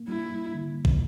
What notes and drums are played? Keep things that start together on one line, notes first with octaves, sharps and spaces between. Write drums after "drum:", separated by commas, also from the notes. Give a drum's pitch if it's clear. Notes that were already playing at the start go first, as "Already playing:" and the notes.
Already playing: A#3
G3 E4
D3
drum: kick